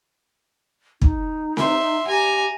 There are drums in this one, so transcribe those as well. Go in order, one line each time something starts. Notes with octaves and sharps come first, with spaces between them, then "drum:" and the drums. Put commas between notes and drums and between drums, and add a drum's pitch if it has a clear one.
D#4, drum: kick
E5 C6, drum: snare C4
G4 G#5 A#5